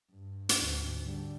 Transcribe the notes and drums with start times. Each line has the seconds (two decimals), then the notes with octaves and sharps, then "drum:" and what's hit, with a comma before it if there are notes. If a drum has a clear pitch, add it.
0.11 G2
0.49 drum: hi-hat
0.58 D2 G#2
1.05 D3 G3